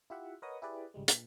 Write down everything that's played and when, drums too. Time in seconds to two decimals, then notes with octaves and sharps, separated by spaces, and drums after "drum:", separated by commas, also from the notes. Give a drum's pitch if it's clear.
0.10 E4 F4 G4 E5 F#5
0.42 A#4 B4 C#5 D#5 F#5 D#6
0.62 E4 G4 G#4 B4 D5
0.94 G#1 C#2 G3 G#3
1.08 A#2, drum: hi-hat